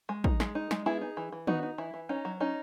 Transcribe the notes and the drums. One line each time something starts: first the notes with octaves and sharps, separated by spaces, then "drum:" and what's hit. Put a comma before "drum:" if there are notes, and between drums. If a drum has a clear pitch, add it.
G#3
D#4, drum: kick
G#3, drum: snare
D#4
G#3, drum: snare
B3 E4 G#4
D#4
E3
E3
B3 D#4 F#4, drum: tom D#3
D#4
E3 E4
E3
C#4 D#4
F#3
C#4 D#4